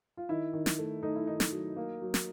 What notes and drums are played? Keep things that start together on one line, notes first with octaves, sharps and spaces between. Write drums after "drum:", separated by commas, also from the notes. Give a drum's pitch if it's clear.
F4
D#3 E4
D#3
drum: snare
A3
A3 D#4
E4
D#3 D#4
drum: snare
F#3
A#3
F#3
drum: snare